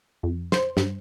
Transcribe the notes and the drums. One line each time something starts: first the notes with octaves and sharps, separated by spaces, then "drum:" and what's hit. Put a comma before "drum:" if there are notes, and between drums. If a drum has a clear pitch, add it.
F2
C5, drum: snare
G2, drum: snare